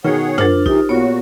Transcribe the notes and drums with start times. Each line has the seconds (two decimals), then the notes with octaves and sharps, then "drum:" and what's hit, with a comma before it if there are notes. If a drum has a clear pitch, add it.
0.04 B2 D#3 G#4 C#5 F#5 G5
0.38 D4 F4 A#4 C5 F6 A6, drum: tom
0.66 C3 E3 D#4 G4, drum: kick
0.89 A#2 B3 F4 F#4 C#5